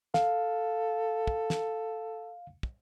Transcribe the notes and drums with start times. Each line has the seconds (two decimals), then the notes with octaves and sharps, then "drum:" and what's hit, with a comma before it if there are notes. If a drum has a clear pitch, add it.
0.14 A4 F5, drum: snare
1.27 drum: kick
1.50 drum: snare
2.63 drum: kick